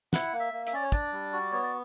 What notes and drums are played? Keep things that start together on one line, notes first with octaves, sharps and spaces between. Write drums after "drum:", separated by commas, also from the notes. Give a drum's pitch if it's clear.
E4 F#5, drum: snare
A#3
E5
A#3
E5, drum: hi-hat
C#4 D5
C#5
D4 D5, drum: kick, hi-hat
G3
F#4
B3 C#5
D5